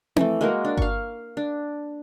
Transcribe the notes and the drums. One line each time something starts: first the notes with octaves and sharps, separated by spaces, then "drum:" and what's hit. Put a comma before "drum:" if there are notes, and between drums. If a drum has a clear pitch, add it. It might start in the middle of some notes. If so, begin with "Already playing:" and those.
E3 A3, drum: tom C4
G#3 A#3 F#4 A#4
D4
F5 C#6, drum: kick G1
D4